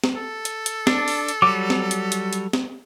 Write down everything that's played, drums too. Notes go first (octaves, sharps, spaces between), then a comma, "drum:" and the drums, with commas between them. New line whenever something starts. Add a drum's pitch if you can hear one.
drum: snare
A4
drum: hi-hat
drum: hi-hat
D4, drum: snare
drum: open hi-hat
drum: hi-hat
F#3 G3 D6
drum: snare
drum: hi-hat
drum: hi-hat
drum: hi-hat
drum: snare